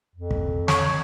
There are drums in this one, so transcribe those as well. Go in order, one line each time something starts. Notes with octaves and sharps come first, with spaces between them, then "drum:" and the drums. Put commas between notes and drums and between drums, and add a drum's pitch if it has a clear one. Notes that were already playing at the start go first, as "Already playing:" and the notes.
F2
drum: kick
C#5, drum: snare